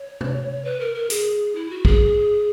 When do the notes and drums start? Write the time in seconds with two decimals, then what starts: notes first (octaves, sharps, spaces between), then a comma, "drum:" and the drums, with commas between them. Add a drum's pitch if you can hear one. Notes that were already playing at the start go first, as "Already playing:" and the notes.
Already playing: C#5
0.21 drum: tom C3
0.65 B4
0.80 A#4
0.95 A#4
1.10 G#4, drum: hi-hat
1.55 E4
1.70 F#4
1.85 G#4, drum: kick